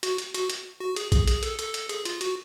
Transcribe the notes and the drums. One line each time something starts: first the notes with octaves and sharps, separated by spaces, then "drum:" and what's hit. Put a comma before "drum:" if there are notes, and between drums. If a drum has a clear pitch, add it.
F#4, drum: hi-hat
drum: hi-hat
F#4, drum: hi-hat
drum: hi-hat
F#4
G#4, drum: hi-hat
G#4, drum: kick A#1, hi-hat
G#4, drum: hi-hat
A4, drum: hi-hat
A4, drum: hi-hat
drum: hi-hat
G#4, drum: hi-hat
F4, drum: hi-hat
F#4, drum: hi-hat